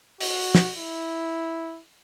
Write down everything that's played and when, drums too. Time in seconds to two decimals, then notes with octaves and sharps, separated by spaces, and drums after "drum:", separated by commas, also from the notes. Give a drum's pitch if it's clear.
0.21 F#4, drum: open hi-hat
0.55 drum: snare
0.77 E4